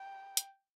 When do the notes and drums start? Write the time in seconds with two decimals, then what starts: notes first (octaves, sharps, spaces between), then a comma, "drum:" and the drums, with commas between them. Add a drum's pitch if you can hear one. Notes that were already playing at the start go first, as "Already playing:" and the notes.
Already playing: G5
0.37 drum: hi-hat